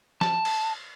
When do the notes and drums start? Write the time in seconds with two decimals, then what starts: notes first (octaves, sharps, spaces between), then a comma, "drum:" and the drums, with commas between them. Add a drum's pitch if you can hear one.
0.21 A5, drum: snare
0.45 drum: cymbal